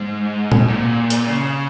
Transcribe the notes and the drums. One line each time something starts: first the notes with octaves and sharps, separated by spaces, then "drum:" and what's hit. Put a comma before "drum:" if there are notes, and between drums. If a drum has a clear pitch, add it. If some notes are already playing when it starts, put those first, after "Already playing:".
Already playing: G#2
drum: tom A#2
A#2
drum: hi-hat
C#3